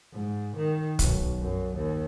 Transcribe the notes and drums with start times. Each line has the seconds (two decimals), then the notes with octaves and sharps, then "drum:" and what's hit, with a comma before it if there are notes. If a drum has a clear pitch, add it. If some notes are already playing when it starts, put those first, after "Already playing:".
0.12 G#2
0.57 D#3
0.99 B1, drum: kick, hi-hat
1.40 F#2
1.76 D#2